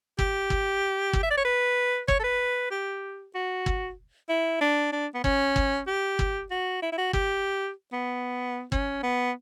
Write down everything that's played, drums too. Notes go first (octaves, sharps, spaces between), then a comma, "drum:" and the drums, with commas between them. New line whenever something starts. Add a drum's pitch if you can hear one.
G4, drum: kick
drum: kick
drum: kick
E5
D5
C#5
B4
C#5, drum: kick
A4
B4
G4
F#4
drum: kick
E4
D4
D4
B3
C#4, drum: kick
drum: kick
G4
drum: kick
F#4
E4
E4
F#4
G4, drum: kick
B3
C#4, drum: kick
B3